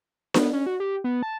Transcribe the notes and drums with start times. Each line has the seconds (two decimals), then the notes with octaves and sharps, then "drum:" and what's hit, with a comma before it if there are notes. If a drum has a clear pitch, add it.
0.34 B3, drum: snare D4
0.53 C#4
0.66 F#4
0.80 G4
1.04 B3
1.23 A5